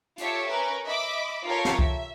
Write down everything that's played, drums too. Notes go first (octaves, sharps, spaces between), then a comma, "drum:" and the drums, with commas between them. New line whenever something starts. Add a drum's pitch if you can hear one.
F4 G4 A4 C#5 E5, drum: hi-hat
C#4 A#4 B4
D#5 E5 B5 D6
F4 G4 A4 A#4 C#5 F5
drum: snare
E5, drum: kick C2